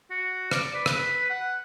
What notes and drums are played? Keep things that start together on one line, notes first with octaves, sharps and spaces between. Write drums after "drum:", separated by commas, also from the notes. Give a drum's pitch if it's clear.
F#4
D5, drum: rim click
B4
drum: rim click
F#5